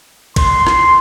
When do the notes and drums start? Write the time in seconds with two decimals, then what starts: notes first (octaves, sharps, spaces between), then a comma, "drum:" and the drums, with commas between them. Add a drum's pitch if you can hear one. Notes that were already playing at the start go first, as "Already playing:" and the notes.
0.36 C6, drum: kick, cymbal
0.67 drum: rim click